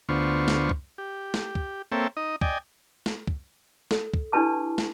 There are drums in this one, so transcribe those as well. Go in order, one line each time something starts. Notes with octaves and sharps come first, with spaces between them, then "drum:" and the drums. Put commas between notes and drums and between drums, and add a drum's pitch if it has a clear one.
D2 D3 B3 F4 C5 C#6
drum: snare
drum: kick
G4
drum: snare
drum: kick
A#3 C4 A4 C#5 E5 G5
D#4 D#5
D5 D#5 G5 G#5, drum: kick
drum: snare
drum: kick
A4, drum: snare
drum: kick
D4 E4 G4 B4 A5 D6
drum: snare